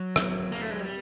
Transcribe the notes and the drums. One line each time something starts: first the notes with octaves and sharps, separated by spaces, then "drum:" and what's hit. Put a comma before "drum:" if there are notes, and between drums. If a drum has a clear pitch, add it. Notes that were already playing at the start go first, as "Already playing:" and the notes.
Already playing: F#3
drum: rim click
A#3
A3
G#3
G3